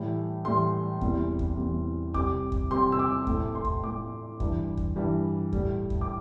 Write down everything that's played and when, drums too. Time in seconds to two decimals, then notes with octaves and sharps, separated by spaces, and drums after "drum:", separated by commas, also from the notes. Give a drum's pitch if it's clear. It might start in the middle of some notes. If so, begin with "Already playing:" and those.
Already playing: A2 E3 G3
0.45 A2 E3 G3 C6
1.01 E2 C3 E3 G3, drum: kick
1.39 drum: kick
1.58 E2 C3 E3 G3
2.14 C3 G3 D6, drum: kick
2.52 drum: kick
2.71 C3 G3 C6
2.92 E6
2.99 D6
3.27 A2 A3, drum: kick
3.55 C6
3.65 drum: kick
3.83 A2 A3 D6
4.40 G2 E3 G3, drum: kick
4.77 drum: kick
4.96 G2 E3 G3
5.53 A2 G3, drum: kick
5.90 drum: kick
6.01 D6